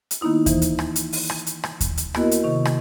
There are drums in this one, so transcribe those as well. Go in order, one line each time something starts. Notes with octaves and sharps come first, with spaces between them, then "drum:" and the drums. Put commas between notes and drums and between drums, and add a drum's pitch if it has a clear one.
drum: hi-hat
D#3 A#3 B3 D#4 E4
E3 C5, drum: kick D#2, hi-hat
drum: hi-hat
drum: rim click
drum: hi-hat
drum: open hi-hat
drum: rim click
drum: hi-hat
drum: rim click
drum: kick D#2, hi-hat
drum: hi-hat
A#3 B3 E4 F#4 A#4 D#5, drum: rim click
drum: hi-hat
C3 D#3 C#6
drum: rim click